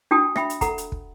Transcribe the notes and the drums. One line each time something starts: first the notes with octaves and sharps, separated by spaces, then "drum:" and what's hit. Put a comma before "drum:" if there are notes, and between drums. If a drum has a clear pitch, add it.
D4 F#4 G5 A5 D#6
E5 G5 B5, drum: rim click
drum: hi-hat
A4 F#5 A#5, drum: kick, hi-hat
drum: hi-hat
drum: kick